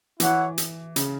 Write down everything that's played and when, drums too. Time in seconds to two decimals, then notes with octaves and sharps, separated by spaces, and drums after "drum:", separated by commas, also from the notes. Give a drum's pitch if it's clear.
0.20 E3 E4 C#5 F#5, drum: hi-hat
0.58 drum: hi-hat
0.96 C#3, drum: hi-hat